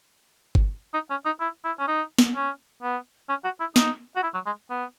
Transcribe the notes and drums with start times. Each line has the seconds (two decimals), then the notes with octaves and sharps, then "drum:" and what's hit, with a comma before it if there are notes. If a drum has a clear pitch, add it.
0.55 drum: kick G1
0.94 D#4
1.10 C#4
1.25 D#4
1.40 E4
1.64 E4
1.79 C#4
1.87 D#4
2.19 drum: snare
2.35 C#4
2.83 B3
3.29 C#4
3.44 F#4
3.60 E4
3.76 D#4, drum: snare
4.16 F#4
4.23 E4
4.34 F#3
4.46 G#3
4.70 B3